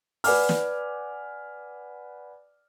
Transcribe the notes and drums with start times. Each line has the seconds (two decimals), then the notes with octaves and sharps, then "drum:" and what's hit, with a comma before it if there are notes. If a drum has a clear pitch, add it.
0.24 B4 D5 F#5 G#5 D6 F6, drum: open hi-hat
0.49 drum: snare